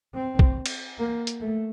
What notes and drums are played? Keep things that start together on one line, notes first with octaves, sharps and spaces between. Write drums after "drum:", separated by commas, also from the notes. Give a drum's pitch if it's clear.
C4
drum: kick B1
drum: cymbal
A#3
drum: hi-hat
A3